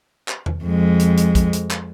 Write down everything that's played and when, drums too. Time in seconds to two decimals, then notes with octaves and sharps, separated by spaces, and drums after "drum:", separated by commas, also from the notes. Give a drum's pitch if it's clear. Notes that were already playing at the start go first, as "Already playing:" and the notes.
0.28 drum: clap
0.46 drum: tom E2
0.64 F2 G#3
1.00 drum: hi-hat
1.17 drum: hi-hat
1.35 drum: kick, hi-hat
1.53 drum: hi-hat
1.71 drum: clap